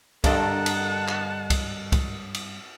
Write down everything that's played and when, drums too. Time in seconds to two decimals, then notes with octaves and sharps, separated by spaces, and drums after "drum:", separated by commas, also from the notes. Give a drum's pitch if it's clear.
0.24 G2 D3 D4 A4 A#4 D#5 F#5 A5, drum: kick C2, cymbal
0.66 drum: cymbal
1.08 drum: clap
1.50 drum: kick C2, cymbal
1.92 drum: kick C2, cymbal
2.34 drum: cymbal